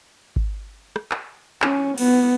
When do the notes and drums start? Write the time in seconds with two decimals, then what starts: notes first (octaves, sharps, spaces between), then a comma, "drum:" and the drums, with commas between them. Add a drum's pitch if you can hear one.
0.36 drum: kick G#1
0.96 drum: rim click
1.11 drum: clap
1.62 C#4, drum: clap
1.98 B3, drum: cymbal